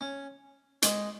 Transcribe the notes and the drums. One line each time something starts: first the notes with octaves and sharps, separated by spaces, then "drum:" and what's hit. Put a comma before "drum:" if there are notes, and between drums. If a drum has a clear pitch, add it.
C#4
G#3, drum: hi-hat